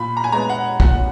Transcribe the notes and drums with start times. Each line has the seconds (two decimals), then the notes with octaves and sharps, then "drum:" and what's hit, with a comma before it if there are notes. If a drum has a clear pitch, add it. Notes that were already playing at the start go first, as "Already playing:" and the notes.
Already playing: A#2 B5
0.17 A#5
0.24 G#5
0.32 G#3 B3 A#5
0.49 F#5
0.80 A#2 F#5, drum: kick